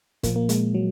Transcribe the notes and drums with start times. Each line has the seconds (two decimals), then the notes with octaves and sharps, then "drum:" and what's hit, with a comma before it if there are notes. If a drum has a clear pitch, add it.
0.23 A#2 F3 A#3, drum: kick, hi-hat
0.36 A#3
0.49 G#3, drum: hi-hat
0.74 F#3